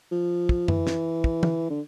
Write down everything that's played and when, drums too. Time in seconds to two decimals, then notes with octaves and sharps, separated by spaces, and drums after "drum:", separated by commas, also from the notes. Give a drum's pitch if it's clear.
0.11 F3
0.49 drum: kick
0.68 E3, drum: tom F#2
0.87 drum: snare
1.24 drum: kick
1.43 drum: tom E3
1.70 D3